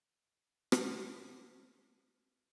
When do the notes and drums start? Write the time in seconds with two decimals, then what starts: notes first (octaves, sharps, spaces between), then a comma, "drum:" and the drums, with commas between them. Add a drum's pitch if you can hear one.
0.18 C6 C#6 F6
0.72 drum: rim click
1.01 C6 D6 G6 C#7 E7